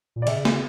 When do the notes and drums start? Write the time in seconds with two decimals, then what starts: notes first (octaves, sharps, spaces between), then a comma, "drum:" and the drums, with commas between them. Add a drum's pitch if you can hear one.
0.16 A#2
0.22 D5
0.27 C#3 E5, drum: cymbal
0.45 drum: snare